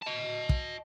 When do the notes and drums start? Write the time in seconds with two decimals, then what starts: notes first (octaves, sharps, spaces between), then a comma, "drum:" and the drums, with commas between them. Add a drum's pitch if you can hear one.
0.02 D#5 A5
0.49 drum: kick